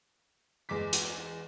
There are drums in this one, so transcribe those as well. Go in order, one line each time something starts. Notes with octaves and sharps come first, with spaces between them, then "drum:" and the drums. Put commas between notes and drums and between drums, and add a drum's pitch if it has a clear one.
E2 G#3 D6 B6
drum: hi-hat